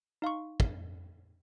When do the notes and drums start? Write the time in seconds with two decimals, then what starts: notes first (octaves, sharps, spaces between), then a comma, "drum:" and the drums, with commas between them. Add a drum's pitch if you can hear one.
0.22 D#4 F5 C6 C#6
0.60 drum: kick